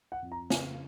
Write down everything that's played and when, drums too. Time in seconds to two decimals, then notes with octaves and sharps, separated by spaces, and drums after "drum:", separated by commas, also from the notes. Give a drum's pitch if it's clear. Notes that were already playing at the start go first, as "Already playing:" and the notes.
0.12 F#5
0.22 F2
0.32 A#5
0.50 C#3 G#5, drum: snare